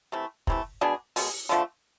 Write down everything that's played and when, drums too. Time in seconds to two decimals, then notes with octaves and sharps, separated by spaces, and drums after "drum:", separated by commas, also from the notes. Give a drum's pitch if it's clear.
0.12 C3 E3 A3
0.47 C3 E3 A3, drum: kick
0.81 B2 G#3 D4 G#4
1.16 B2 G#3 D4 G#4, drum: open hi-hat
1.49 D3 F3 A3